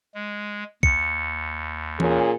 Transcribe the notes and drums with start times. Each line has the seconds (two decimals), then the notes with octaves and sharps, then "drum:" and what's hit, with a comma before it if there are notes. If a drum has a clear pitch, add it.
0.14 G#3
0.83 D#2 C#7, drum: kick
2.00 A#2 C#4 G#4, drum: tom E3